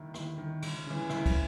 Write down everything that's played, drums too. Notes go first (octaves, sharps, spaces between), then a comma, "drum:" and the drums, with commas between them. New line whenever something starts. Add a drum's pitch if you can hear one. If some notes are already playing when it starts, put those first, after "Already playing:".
Already playing: D#2 D#3 E4
D#2 E4, drum: rim click
D#3
C#2, drum: cymbal
C#3 E3
C#2 E4, drum: rim click
drum: kick, cymbal